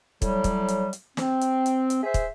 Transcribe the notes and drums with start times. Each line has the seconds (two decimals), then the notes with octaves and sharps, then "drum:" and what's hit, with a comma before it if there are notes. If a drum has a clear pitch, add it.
0.22 A2 F#3 G3, drum: kick, hi-hat
0.44 drum: kick, hi-hat
0.68 drum: hi-hat
0.93 drum: hi-hat
1.17 C4, drum: snare
1.41 drum: hi-hat
1.66 drum: hi-hat
1.90 drum: hi-hat
2.03 G#4 C5 E5
2.14 drum: kick, hi-hat